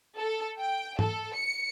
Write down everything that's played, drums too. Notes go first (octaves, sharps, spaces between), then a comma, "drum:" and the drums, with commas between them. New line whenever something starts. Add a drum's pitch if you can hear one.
A4
G5
A4, drum: tom G#2
C#7